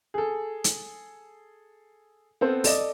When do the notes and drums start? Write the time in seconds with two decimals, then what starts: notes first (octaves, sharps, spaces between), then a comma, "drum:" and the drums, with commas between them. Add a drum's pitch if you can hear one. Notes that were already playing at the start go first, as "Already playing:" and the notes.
0.14 G#4 A4
0.64 drum: hi-hat
2.41 B3 C4 A4 C5
2.64 A4 D5 D#5, drum: open hi-hat